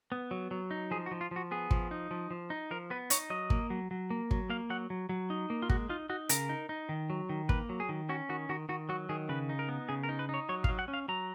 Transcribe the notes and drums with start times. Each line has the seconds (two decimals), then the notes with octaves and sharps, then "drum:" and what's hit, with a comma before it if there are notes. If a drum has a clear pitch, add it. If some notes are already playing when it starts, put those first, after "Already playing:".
0.12 B3
0.31 F#3
0.51 F#3
0.71 D#4
0.91 F3 G#4
1.06 F#4
1.11 F3
1.21 F4
1.31 F3 F#4
1.51 B3 G#4
1.71 F3, drum: kick
1.91 D#4
2.11 F3
2.31 F3
2.50 D#4
2.71 F3 A#4
2.90 B3 B4
3.10 D#4 C#5, drum: hi-hat
3.30 F#3 D#5
3.50 A#3, drum: kick
3.70 F#3
3.91 F#3
4.10 A#3
4.31 F#3, drum: kick
4.50 A#3 F5
4.70 F#3 F#5
4.90 F#3
5.09 F#3
5.30 D#4
5.50 A#3
5.62 F4
5.69 G#3 F#4, drum: kick
5.89 D#4 F4
6.09 D#4 F#4
6.29 C#3 A#4, drum: hi-hat
6.49 D#4
6.69 D#4
6.89 D#3
7.10 F#3
7.29 D#3
7.49 A#3 B4, drum: kick
7.69 F#3
7.80 G#4
7.89 D#3
8.09 C#4 F#4
8.29 D#3 F#4
8.49 D#3 F#4
8.69 D#3 F#4
8.89 F#3 F#4
9.09 D#3 G#4
9.29 C#3 B4
9.49 D#4
9.59 A#4
9.69 B3
9.89 C#3 G#4
10.03 A#4
10.09 D#4
10.19 B4
10.29 D#4 C#5
10.49 F#3 C#5
10.64 F5, drum: kick
10.69 F#3
10.79 F#5
10.88 C#4
10.94 F5
11.08 F#3 A#5